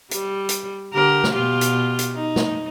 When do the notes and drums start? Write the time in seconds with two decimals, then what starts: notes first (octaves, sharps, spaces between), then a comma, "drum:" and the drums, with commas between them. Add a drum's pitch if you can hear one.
0.11 G3, drum: hi-hat
0.49 drum: hi-hat
0.94 D3 G4 A#4
1.24 drum: snare
1.33 B2 F4 G4
1.61 drum: hi-hat
1.99 drum: hi-hat
2.15 D#4
2.36 drum: snare